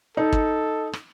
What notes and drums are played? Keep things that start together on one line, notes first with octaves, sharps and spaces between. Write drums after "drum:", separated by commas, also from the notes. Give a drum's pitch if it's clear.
D#4 A4
drum: kick
drum: rim click